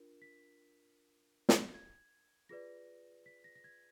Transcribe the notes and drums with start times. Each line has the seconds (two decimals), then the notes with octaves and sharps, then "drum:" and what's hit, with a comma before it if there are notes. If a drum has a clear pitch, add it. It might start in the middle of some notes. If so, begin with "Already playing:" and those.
Already playing: D4 F4 A#4
0.22 B6
1.49 drum: snare
1.74 G#6
2.49 F4 G#4 B4 D5 A#6
3.26 B6
3.44 A#6
3.56 A#6
3.64 G#6